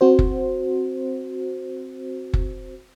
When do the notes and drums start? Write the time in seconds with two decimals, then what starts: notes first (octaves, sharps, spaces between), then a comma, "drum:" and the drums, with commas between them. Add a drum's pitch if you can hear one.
0.01 C4 F#4 C5
0.19 drum: kick F#1
2.34 drum: kick F#1